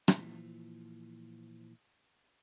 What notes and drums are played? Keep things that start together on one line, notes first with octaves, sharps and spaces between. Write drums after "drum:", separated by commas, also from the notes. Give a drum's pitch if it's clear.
A#2 E3 F3, drum: rim click